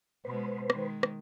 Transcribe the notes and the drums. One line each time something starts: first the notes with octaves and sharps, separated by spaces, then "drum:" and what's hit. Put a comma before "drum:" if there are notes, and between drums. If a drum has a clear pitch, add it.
B2 G#3 B4 C5
D#3 G#3, drum: rim click
drum: rim click